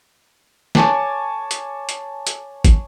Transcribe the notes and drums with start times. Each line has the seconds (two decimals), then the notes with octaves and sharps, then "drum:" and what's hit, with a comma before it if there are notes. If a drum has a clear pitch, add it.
0.75 C#5 G#5 A5 D6, drum: snare
1.51 drum: hi-hat
1.89 drum: hi-hat
2.27 drum: hi-hat
2.65 drum: kick, hi-hat